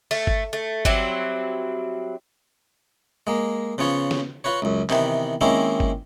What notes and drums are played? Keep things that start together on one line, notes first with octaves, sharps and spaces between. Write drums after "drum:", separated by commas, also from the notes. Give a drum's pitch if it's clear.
A3, drum: open hi-hat
drum: kick G1
A3
F#3 G3 C4 E4, drum: kick G1
G#3 A#3
C#3 F3 B3 F4 C#5
drum: snare
F4 F#4 B4 C#5
C#2 F#2
C3 D#3 E3 B3, drum: clap
D#3 G#3 A#3 C4 C#4 E4
drum: kick G1